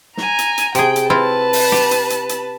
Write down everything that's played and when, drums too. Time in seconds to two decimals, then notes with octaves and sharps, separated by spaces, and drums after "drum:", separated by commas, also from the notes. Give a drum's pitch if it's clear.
0.17 G#5 A#5, drum: snare
0.38 drum: hi-hat
0.58 drum: hi-hat
0.75 C3 G#4 G5, drum: hi-hat
0.96 drum: hi-hat
1.10 C4 E4 F4 B4 A5
1.53 drum: open hi-hat
1.72 G4, drum: snare
1.91 drum: hi-hat
2.10 drum: hi-hat
2.29 drum: hi-hat